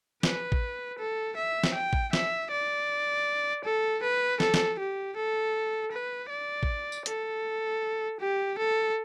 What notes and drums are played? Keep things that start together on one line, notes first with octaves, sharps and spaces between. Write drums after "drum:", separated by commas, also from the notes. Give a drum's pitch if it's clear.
B4, drum: snare
drum: kick A1
A4
E5
drum: snare
G5
drum: kick A1
E5, drum: snare
D5
A4
B4
A4, drum: snare
drum: snare
G4
A4
B4
D5
drum: kick A1
drum: tambourine
A4, drum: hi-hat
G4
A4